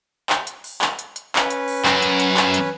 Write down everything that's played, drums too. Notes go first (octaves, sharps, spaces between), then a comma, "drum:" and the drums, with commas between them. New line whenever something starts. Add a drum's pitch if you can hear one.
drum: clap
drum: hi-hat
drum: open hi-hat
drum: clap
drum: hi-hat
drum: hi-hat
C#4 B4, drum: clap
drum: hi-hat
drum: open hi-hat
F#2, drum: clap
drum: hi-hat
drum: hi-hat
drum: clap
drum: hi-hat